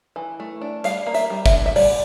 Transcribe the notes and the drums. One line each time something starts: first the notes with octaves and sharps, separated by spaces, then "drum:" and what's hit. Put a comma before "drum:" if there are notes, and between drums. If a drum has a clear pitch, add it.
E3
A3
D4
G3 F5, drum: hi-hat
A#3
E5, drum: hi-hat
G3
E5, drum: kick, hi-hat
D4
E5
G3 D5, drum: open hi-hat